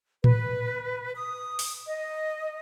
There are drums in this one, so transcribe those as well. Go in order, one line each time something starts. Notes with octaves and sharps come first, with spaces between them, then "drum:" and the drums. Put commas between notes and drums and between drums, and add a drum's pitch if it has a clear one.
B4, drum: tom A2
D#6
drum: open hi-hat
D#5